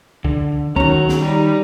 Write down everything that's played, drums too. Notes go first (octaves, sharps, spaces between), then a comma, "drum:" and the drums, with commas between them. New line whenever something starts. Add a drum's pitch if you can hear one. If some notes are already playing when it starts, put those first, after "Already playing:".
D3, drum: kick C#2
D#3 F#3 C#4 A#5, drum: kick C#2
drum: snare
G3 D#4